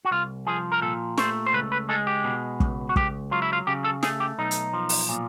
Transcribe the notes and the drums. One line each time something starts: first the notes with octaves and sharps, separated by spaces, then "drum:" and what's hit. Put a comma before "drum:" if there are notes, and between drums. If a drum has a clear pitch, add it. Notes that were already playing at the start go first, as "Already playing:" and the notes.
F#4
C2 F4
F3 G#4
A#4
A#2 A4
A3 C5, drum: snare
C5
C#2 B4
B4
G#3 A4
G4
B2
C#2, drum: kick
F#4
C#2 G4, drum: kick
F#3 F4
E4
F4
C#3 G4
A4
A3 G#4, drum: snare
G4
B1 D#4
drum: hi-hat
F3
drum: open hi-hat
A#2